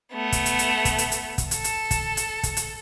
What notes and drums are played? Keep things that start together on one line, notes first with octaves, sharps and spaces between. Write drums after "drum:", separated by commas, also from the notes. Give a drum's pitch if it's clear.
A3 B3
drum: kick, hi-hat
drum: hi-hat
drum: hi-hat
drum: kick, hi-hat
drum: hi-hat
drum: hi-hat
drum: kick, hi-hat
A4, drum: hi-hat
drum: hi-hat
drum: kick, hi-hat
drum: hi-hat
drum: kick, hi-hat
drum: hi-hat